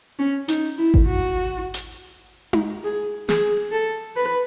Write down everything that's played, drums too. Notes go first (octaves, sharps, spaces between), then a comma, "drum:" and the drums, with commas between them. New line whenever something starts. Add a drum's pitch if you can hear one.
C#4
D#4, drum: hi-hat
E4
drum: kick G#1
F#4
drum: hi-hat
drum: tom D#4
G#4
G#4, drum: snare
A4
B4